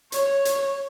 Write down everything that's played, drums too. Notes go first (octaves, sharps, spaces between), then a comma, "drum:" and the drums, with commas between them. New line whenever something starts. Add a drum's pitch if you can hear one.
C#5, drum: hi-hat
drum: hi-hat